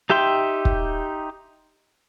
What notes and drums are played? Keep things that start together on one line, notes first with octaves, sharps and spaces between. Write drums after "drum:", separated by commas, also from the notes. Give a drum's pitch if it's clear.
D#4 G4 E5 G5 C6
drum: kick